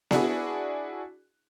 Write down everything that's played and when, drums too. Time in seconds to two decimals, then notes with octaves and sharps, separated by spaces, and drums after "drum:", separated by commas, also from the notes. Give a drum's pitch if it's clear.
0.11 D4 E4 F#4 G#4, drum: snare B3